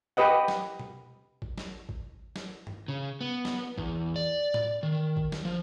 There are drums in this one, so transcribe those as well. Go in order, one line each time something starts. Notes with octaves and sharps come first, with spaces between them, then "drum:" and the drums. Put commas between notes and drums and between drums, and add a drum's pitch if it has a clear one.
G4 B4 D#5 F#5
drum: snare
drum: tom B2
drum: kick A1
drum: snare
drum: kick A1
drum: snare
drum: tom
C#3
B3
drum: snare
E2, drum: kick A1
D5
drum: tom A2
D#3
drum: kick A1
drum: snare
F3